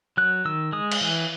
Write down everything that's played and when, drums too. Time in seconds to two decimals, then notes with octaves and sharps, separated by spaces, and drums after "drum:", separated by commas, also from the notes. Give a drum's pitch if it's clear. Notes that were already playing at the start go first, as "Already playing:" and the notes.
0.17 F#3 F#6
0.45 D#3 E6
0.72 G#3 D#6
0.91 drum: cymbal
1.01 E3